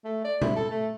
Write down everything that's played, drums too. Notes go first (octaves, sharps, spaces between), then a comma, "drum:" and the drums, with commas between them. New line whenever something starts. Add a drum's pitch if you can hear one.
A3
D5
E4, drum: tom A#2
A4
A3